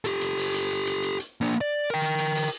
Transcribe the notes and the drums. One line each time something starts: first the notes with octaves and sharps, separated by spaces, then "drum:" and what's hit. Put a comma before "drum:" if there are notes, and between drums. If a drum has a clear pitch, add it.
G4 A4, drum: hi-hat
drum: hi-hat
drum: open hi-hat
drum: hi-hat
drum: hi-hat
drum: hi-hat
drum: hi-hat
A#3 D4
D5
A#4 G5
drum: hi-hat
drum: hi-hat
drum: open hi-hat